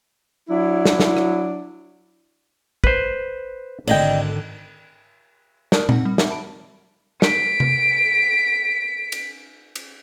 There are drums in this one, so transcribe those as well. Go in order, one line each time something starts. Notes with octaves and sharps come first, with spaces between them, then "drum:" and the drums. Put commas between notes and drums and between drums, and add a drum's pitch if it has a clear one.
F#3 D4 E4
drum: snare
drum: snare
drum: rim click
B4 C5, drum: kick
G#1 D3 D5 D#5 G5, drum: cymbal
A#4 D5 A5 D#6 F6 F#6, drum: snare
C4 D#4 F#5, drum: tom A#2
G3
E5 F#5 D6, drum: snare
A5 B5 D7
B6 D7, drum: snare
drum: tom C3
drum: cymbal
drum: cymbal